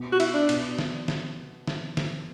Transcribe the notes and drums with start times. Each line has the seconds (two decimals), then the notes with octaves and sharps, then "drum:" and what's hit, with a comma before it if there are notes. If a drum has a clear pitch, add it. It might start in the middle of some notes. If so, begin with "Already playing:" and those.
Already playing: B2
0.13 F#4
0.20 E4, drum: cymbal
0.34 D4
0.49 B2, drum: cymbal
0.79 drum: snare
1.08 drum: snare
1.67 drum: snare
1.97 drum: snare